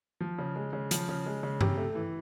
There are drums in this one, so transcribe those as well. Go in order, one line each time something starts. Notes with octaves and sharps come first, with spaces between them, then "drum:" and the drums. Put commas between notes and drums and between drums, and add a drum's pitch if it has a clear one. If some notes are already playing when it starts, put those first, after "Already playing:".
F3
C#3
G#3
C#3
F3, drum: hi-hat
C#3
G#3
C#3
C3, drum: tom G2
A3
E3